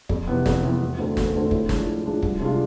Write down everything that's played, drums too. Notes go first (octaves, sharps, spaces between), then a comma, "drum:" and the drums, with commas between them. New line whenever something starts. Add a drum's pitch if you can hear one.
F2, drum: kick
C3 E3 B3
F2, drum: snare
C3 E3 B3
E1
D2 D3 A3 C4
E1, drum: snare
D2 D3 A3 C4
A2, drum: kick
F3 G#3 D4, drum: snare
A2
F3 G#3 D4
C2, drum: kick
C3 G#3 D4 F4